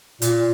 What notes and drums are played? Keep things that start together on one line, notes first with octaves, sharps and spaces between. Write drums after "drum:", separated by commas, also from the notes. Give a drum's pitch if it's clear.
A#2, drum: hi-hat